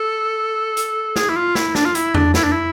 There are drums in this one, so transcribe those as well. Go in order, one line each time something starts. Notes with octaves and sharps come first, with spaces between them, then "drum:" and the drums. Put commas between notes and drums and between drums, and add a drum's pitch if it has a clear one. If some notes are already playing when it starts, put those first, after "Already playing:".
Already playing: A4
drum: hi-hat
G#4, drum: snare
E4
F4
E4, drum: snare
D4, drum: snare
F4
E4, drum: hi-hat
D4, drum: tom E2
E4, drum: snare
D4
E4